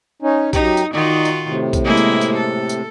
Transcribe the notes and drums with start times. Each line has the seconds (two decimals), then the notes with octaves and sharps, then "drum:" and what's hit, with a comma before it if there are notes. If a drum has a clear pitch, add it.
0.22 C#4 D#4
0.53 F#2 D#4 G4 A#5, drum: kick A#1, tambourine
0.77 drum: tambourine
0.93 D#3 D#4 F4 F#4 D5 D#5
1.25 drum: tambourine
1.46 A2 C3
1.73 drum: kick A#1, tambourine
1.85 G#3 A#3 E4
1.97 drum: tambourine
2.21 drum: tambourine
2.37 A4
2.69 drum: tambourine